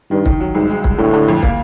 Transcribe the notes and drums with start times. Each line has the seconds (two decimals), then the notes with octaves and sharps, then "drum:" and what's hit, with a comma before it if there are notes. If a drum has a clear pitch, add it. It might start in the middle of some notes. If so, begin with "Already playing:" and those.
0.11 G2 D#3
0.26 D#3, drum: kick
0.40 F#3
0.55 C2 G#2
0.70 G#3
0.84 C2, drum: kick
0.98 A2 D3
1.13 D3
1.28 F2
1.43 A#3, drum: kick